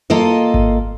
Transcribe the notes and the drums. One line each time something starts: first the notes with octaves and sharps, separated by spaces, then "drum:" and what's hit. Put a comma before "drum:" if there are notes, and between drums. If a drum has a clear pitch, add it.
A#3 F4 A4 D#5
drum: kick G#1